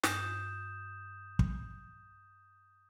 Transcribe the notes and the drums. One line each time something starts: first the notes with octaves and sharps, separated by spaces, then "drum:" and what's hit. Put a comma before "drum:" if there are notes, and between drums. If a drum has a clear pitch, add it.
G2 D#6 G6 E7, drum: snare
drum: kick